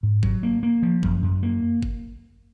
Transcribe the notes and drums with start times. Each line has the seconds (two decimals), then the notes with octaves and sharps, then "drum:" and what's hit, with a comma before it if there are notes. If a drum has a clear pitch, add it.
0.03 G#2
0.23 F#3, drum: kick G1
0.43 A#3
0.63 A#3
0.82 F3
1.03 F#2, drum: kick G1
1.23 F#2
1.43 A#3
1.83 drum: kick G1